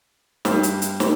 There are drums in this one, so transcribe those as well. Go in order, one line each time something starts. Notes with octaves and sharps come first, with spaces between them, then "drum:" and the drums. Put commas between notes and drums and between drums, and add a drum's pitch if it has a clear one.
G2, drum: snare
drum: hi-hat
drum: hi-hat
drum: snare